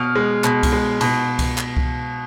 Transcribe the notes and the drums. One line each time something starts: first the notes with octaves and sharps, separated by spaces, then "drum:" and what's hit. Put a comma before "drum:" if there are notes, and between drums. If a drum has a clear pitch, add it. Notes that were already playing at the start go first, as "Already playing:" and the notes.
Already playing: B2 F6
G#3
B2, drum: clap
drum: kick C2, cymbal
G#3
B2, drum: cymbal
drum: kick C2, cymbal
drum: clap
drum: kick C2